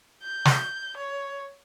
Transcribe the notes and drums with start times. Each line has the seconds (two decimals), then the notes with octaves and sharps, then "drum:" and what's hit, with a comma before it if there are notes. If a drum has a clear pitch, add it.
0.23 G6
0.45 drum: snare
0.97 C#5